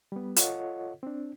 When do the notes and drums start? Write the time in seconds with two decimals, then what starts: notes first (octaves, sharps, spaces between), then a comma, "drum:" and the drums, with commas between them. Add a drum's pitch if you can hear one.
0.12 G3 B3
0.36 F4 A4 C#5 D#5 F#5, drum: hi-hat
1.03 C4 D4